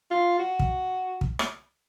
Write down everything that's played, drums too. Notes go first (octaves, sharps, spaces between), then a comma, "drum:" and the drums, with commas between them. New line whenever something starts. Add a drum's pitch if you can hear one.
F4
F#4
drum: kick
drum: kick
drum: rim click